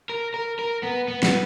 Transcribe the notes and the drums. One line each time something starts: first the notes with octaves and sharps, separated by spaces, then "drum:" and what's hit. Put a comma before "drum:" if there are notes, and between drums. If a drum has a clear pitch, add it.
A#4
A#4
A#4
B3
B3
B3, drum: snare